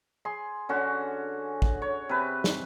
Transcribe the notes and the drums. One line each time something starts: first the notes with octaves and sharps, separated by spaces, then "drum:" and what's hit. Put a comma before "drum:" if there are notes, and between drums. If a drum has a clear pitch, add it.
G#4 C6
D3 C#4 F#4
drum: kick
C#5
C3 B4
drum: snare